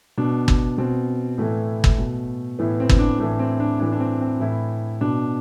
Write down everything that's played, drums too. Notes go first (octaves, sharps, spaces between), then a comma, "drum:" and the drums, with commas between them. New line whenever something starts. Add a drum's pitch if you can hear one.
B2 D4
drum: kick G1
B2 C4
A2 E3 A3
drum: kick G1
B2
A2 E3 B3
C4
drum: kick G1
D4
A2 E3 D4
C4
D4
A2 E3 D4
D4
C4
C4
A2 E3 E4
B2 D4